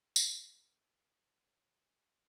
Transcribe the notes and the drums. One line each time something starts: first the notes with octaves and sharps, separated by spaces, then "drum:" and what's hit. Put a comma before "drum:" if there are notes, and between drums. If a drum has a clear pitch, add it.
A#3 D4 F#4 A#4, drum: tambourine
A#3
B3 E4
A4 C5
D#4 C5 C#5 F5
G#5